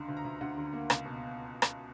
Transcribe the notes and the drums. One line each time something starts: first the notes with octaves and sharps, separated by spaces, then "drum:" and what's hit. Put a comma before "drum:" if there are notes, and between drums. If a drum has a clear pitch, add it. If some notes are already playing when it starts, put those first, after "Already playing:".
Already playing: C#2 D3
D2
A#5
D2
D2 F#5
D3
A#3
C#2, drum: rim click
B2
drum: rim click